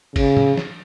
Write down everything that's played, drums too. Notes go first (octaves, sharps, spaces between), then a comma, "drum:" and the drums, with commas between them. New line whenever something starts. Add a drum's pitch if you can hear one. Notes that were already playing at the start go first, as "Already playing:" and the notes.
C#3, drum: kick, cymbal
drum: tom A2
drum: snare